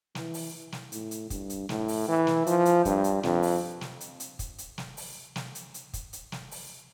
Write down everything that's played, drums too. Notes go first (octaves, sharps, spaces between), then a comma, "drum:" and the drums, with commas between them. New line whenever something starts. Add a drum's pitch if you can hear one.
E3, drum: snare
drum: open hi-hat
drum: snare
A2, drum: hi-hat
drum: hi-hat
G2, drum: kick, hi-hat
drum: hi-hat
A2, drum: snare
drum: open hi-hat
E3
drum: snare
F3, drum: hi-hat
drum: hi-hat
G2, drum: kick, hi-hat
drum: hi-hat
F2, drum: snare
drum: open hi-hat
drum: snare
drum: hi-hat
drum: hi-hat
drum: kick, hi-hat
drum: hi-hat
drum: snare
drum: open hi-hat
drum: snare
drum: hi-hat
drum: hi-hat
drum: kick, hi-hat
drum: hi-hat
drum: snare
drum: open hi-hat